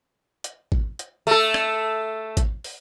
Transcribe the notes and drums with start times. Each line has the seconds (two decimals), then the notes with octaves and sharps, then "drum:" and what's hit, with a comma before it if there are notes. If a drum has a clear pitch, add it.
0.44 drum: hi-hat
0.72 drum: kick G#1
0.99 drum: hi-hat
1.27 A3 A4, drum: open hi-hat
1.54 drum: rim click
2.37 drum: kick G#1, hi-hat
2.64 drum: open hi-hat